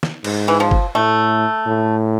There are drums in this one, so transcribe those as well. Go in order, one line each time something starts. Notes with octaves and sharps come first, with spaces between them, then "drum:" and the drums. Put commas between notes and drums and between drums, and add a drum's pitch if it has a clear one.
drum: snare
G#2, drum: cymbal
E3
F3
drum: kick
A2 A3
A2